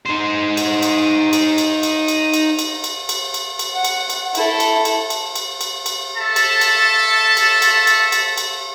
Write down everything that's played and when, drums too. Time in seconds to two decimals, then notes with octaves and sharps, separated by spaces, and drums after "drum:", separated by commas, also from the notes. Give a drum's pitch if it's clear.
0.06 D#4 C5
0.57 drum: cymbal
0.83 drum: cymbal
1.33 drum: cymbal
1.58 drum: cymbal
1.83 drum: cymbal
2.08 drum: cymbal
2.34 drum: cymbal
2.59 drum: cymbal
2.84 drum: cymbal
3.09 drum: cymbal
3.34 drum: cymbal
3.59 drum: cymbal
3.74 F#5
3.85 drum: cymbal
4.10 drum: cymbal
4.35 E4 A4, drum: cymbal
4.60 drum: cymbal
4.85 drum: cymbal
5.10 drum: cymbal
5.36 drum: cymbal
5.61 drum: cymbal
5.86 drum: cymbal
6.16 A4 E5 A5
6.36 drum: cymbal
6.61 drum: cymbal
7.37 drum: cymbal
7.62 drum: cymbal
7.87 drum: cymbal
8.12 drum: cymbal
8.38 drum: cymbal